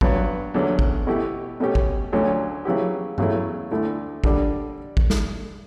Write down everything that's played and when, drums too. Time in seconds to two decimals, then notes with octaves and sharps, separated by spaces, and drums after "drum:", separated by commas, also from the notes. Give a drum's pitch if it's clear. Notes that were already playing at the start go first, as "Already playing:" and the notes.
0.01 G2 F#3 B3, drum: kick G#1
0.54 E2 D3 F#3 C#4
0.79 drum: kick G#1
1.07 B2 A3 E4 G4
1.60 B2 A3 C#4 G4
1.75 drum: kick G#1
2.13 D2 D3 F#3 C#4
2.65 C#3 F#3 B3 E4 G4
3.18 E2 C#3 F#3 A3 E4, drum: tom G2
3.71 D2 D3 A3 E4
4.24 D3 G3 D4, drum: kick G#1
4.97 drum: kick G#1
5.10 drum: snare